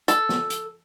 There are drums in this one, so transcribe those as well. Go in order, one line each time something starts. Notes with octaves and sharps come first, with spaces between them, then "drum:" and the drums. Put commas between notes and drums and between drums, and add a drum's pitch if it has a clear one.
A4, drum: hi-hat
drum: snare
drum: hi-hat